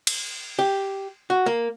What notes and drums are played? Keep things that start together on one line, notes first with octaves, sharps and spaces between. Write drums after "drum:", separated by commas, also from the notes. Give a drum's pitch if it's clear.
drum: cymbal
G4
F#4
A#3